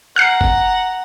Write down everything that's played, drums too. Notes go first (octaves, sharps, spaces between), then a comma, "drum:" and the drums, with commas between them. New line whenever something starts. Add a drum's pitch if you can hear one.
F#5 A#5 F6 F#6 C7
drum: kick